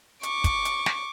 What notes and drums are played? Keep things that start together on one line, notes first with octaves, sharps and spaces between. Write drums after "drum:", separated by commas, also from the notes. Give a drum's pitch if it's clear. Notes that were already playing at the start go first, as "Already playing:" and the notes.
C#6 D6, drum: hi-hat
drum: kick, hi-hat
drum: hi-hat
drum: snare